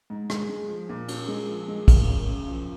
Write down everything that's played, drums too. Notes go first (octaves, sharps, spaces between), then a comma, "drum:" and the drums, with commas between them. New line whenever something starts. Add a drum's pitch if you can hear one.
G#2
G#3, drum: rim click
G#3
F3
A#2
C#4, drum: cymbal
G#3
F3
G#3
C#3, drum: kick, cymbal
F#2
C#3
F3